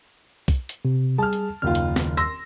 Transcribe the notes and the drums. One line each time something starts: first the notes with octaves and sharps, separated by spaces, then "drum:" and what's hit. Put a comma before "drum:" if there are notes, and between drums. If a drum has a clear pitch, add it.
drum: kick, open hi-hat
drum: hi-hat
C3
G3 G#4 A5 F6
drum: hi-hat
F#1 D#2 D#3 F4 F6
drum: hi-hat
drum: snare
C6 E6 A#6, drum: hi-hat